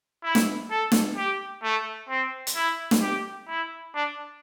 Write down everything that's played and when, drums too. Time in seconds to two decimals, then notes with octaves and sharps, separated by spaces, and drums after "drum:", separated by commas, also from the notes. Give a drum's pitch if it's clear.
0.23 E4
0.35 drum: snare
0.70 A4
0.92 drum: snare
1.17 G4
1.63 A3
2.09 C4
2.47 drum: hi-hat
2.56 E4
2.91 drum: snare
3.01 G4
3.48 E4
3.95 D4